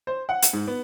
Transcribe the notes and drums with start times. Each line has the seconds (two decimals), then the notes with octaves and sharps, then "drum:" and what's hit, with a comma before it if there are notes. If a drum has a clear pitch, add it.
0.07 C5
0.29 F#5
0.42 drum: hi-hat
0.53 G#2
0.67 B3